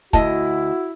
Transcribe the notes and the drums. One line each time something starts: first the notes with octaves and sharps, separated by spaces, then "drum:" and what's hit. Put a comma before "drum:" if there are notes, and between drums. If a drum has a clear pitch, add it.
D2 E4 F#4 D#5 A5, drum: kick